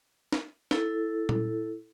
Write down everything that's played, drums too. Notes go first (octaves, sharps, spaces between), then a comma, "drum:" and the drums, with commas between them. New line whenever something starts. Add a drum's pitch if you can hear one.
drum: snare
E4 A4, drum: snare
drum: tom A#2